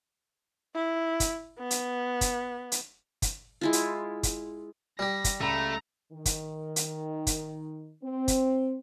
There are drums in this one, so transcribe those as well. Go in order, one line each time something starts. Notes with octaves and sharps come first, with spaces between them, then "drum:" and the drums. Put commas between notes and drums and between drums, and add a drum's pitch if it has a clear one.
E4
drum: kick, hi-hat
B3
drum: hi-hat
drum: kick, hi-hat
drum: hi-hat
drum: kick, hi-hat
G#3 E4 F4
drum: hi-hat
drum: kick, hi-hat
G3 G4 A#6
drum: kick, hi-hat
C#2 A3 A#5 B5
D#3
drum: kick, hi-hat
drum: hi-hat
drum: kick, hi-hat
C4
drum: kick, hi-hat